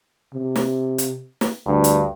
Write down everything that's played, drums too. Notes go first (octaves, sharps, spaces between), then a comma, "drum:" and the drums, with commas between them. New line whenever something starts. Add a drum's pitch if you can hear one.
C3
drum: snare
drum: hi-hat
drum: snare
D2 G2
drum: hi-hat